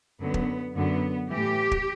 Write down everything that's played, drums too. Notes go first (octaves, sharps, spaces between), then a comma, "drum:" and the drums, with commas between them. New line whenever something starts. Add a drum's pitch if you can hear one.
F#2 D3 F#3 B3
drum: kick
F#2 D3 F#3 B3
A2 E3 G4
drum: kick